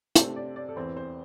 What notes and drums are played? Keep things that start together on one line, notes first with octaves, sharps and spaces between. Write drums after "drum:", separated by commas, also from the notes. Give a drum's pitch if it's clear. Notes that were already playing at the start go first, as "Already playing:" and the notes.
C3 A3 D4 C5, drum: hi-hat
D5
D5
A4
E2 E3 C4 C5
C5